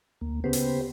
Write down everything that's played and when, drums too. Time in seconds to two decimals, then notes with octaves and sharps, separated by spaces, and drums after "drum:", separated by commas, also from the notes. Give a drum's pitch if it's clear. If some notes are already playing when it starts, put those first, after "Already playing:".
0.21 D2 A#3
0.44 C#3 B3 G4 B4 C5
0.53 drum: hi-hat